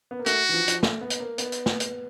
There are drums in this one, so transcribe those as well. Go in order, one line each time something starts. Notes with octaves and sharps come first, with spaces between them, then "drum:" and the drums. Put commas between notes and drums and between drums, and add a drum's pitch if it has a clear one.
B3
A#3
A3 F#4, drum: hi-hat
E3
F3
F3, drum: hi-hat
A3, drum: snare
B3
drum: hi-hat
A#3
B3, drum: hi-hat
drum: hi-hat
drum: snare
drum: hi-hat